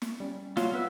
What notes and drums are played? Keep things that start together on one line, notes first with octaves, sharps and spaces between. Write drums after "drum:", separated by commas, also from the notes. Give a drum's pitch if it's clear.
drum: snare
G3 C#4
F#3 F4, drum: snare
B3 B4 E5